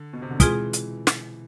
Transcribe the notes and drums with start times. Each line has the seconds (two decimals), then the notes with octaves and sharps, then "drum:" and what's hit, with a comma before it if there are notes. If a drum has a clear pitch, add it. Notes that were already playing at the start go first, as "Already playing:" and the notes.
Already playing: D3
0.13 B2
0.22 C3
0.31 D3
0.40 B2 E3 G#3 C4 F4 G#4, drum: kick, hi-hat
0.73 drum: hi-hat
1.07 drum: snare